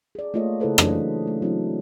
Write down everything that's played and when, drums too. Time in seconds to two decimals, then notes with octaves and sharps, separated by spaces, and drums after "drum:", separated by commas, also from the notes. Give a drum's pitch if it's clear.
0.15 G#4 D5
0.34 A3 A#3 F4 C#5 D#5
0.60 C#3 E4 G#4 A4 B4 C5
0.78 E3 F#3 C#4 D4 D#5, drum: rim click
1.27 A3
1.42 F#3 C4 D4 E4